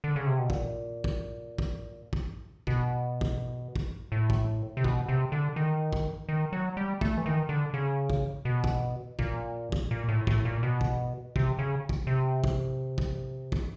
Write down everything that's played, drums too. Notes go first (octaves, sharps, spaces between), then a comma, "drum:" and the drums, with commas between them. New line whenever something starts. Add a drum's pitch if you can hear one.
D3
C#3
C3
B2
A#2, drum: kick
drum: kick
drum: kick
drum: kick
B2, drum: kick
drum: kick
drum: kick
A2
drum: kick
C3
B2, drum: kick
C3
D3
D#3
drum: kick
D#3
F#3
G3
A3, drum: kick
E3
D#3
D3
C#3
drum: kick
B2
drum: kick
A#2, drum: kick
drum: kick
A#2
A2
A2, drum: kick
A#2
B2
drum: kick
C3, drum: kick
C#3
drum: kick
C3
drum: kick
drum: kick
drum: kick